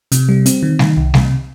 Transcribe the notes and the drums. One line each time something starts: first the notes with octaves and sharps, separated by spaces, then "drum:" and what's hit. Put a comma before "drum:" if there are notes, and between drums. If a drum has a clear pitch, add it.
C3, drum: hi-hat
G3
C4, drum: hi-hat
D#3
D#3, drum: snare G3
C2
C3, drum: snare G3